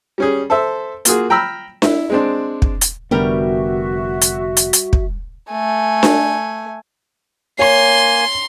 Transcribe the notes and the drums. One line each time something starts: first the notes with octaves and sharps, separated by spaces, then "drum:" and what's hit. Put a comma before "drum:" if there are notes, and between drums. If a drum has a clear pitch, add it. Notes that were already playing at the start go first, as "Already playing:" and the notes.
G3 C#4 G#4
A4 C5 E5
A#3 F4 F#4 G#4, drum: hi-hat
G5 A#5 B5 E6 F6
E4, drum: snare D4
G#3 C4 D4
drum: kick
drum: hi-hat
F1 D3 G3 B3 F#4 G4 A#4 E5
drum: hi-hat
drum: hi-hat
drum: hi-hat
drum: kick
A3 G#5
drum: snare D4
A#3 C#5 G#5 C6